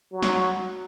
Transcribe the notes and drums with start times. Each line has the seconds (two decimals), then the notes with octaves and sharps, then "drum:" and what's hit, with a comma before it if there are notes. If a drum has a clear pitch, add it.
0.12 F#3
0.22 drum: snare